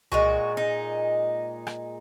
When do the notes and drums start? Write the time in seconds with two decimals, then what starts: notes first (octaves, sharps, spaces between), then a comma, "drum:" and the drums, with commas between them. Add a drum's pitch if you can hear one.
0.12 A#2 G#3 F#4, drum: tom C2
0.57 D#4
1.67 drum: rim click